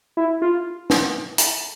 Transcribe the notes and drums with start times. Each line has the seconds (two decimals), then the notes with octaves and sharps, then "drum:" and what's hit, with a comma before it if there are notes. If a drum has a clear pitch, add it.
0.17 E4
0.42 F4
0.90 drum: snare
1.38 drum: hi-hat